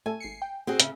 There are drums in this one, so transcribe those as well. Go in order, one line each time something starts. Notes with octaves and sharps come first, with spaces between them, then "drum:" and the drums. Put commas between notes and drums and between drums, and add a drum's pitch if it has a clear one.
A3 A4 G#5
G#1 C7 C#7
G5
A#2 C4 F#4 G#4
C#3 E5, drum: hi-hat